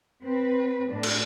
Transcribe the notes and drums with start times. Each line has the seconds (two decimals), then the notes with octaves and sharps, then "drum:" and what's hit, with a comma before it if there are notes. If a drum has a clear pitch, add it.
0.23 C4 B4
0.91 A2 D4
1.03 drum: cymbal